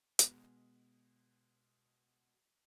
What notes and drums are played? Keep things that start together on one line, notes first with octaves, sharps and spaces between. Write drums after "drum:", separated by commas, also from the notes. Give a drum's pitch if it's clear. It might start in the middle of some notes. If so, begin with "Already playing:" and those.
B2 G#3, drum: hi-hat